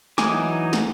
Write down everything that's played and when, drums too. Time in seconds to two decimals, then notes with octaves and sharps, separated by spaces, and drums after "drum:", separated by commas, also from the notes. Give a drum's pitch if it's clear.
0.18 E3 F#3 D#4 G#5 D6, drum: snare
0.73 drum: snare